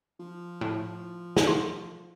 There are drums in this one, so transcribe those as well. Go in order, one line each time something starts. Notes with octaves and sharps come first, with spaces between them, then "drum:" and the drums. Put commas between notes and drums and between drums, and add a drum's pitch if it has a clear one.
F3
A2
drum: snare
C6